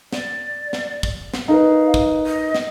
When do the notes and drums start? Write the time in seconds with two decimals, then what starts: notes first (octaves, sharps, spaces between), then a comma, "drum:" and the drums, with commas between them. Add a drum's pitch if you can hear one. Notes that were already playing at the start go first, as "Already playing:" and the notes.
0.13 D5, drum: snare
0.73 drum: snare
1.03 drum: kick
1.34 drum: snare
1.48 D#4 A#4 B4 F5
1.94 drum: kick
2.26 D#5
2.55 drum: snare